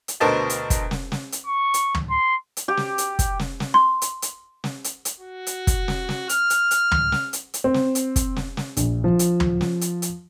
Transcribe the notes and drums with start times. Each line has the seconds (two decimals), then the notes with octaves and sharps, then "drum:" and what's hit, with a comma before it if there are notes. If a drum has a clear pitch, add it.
0.08 drum: hi-hat
0.20 D2 B2 A#4 C5 D#5 A5
0.50 drum: hi-hat
0.70 drum: kick, hi-hat
0.91 drum: snare
1.12 drum: snare
1.32 drum: hi-hat
1.46 C#6
1.74 drum: hi-hat
1.94 drum: tom
2.10 C6
2.57 drum: hi-hat
2.68 G4
2.77 drum: snare
2.98 drum: hi-hat
3.19 drum: kick, hi-hat
3.39 drum: snare
3.60 drum: snare
3.74 C6
4.02 drum: hi-hat
4.22 drum: hi-hat
4.64 drum: snare
4.84 drum: hi-hat
5.05 drum: hi-hat
5.20 F#4
5.47 drum: hi-hat
5.67 drum: kick, hi-hat
5.88 drum: snare
6.09 drum: snare
6.29 F6, drum: hi-hat
6.50 drum: hi-hat
6.71 drum: hi-hat
6.91 drum: tom
7.12 drum: snare
7.33 drum: hi-hat
7.54 drum: hi-hat
7.64 C4
7.74 drum: snare
7.95 drum: hi-hat
8.16 drum: kick, hi-hat
8.36 drum: snare
8.57 drum: snare
8.77 A#1, drum: hi-hat
9.04 F3
9.19 drum: hi-hat
9.40 drum: tom
9.61 drum: snare
9.81 drum: hi-hat
10.02 drum: hi-hat